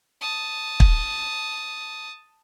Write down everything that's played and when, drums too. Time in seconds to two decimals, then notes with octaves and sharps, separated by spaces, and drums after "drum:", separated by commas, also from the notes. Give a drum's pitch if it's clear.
0.21 A5 D#6
0.80 drum: kick